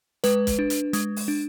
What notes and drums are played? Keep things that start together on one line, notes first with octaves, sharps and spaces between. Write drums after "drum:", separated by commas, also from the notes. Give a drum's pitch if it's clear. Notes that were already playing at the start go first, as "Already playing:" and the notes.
G#3 B4, drum: hi-hat
drum: kick, hi-hat
D4
drum: hi-hat
G#3, drum: hi-hat
drum: open hi-hat
D4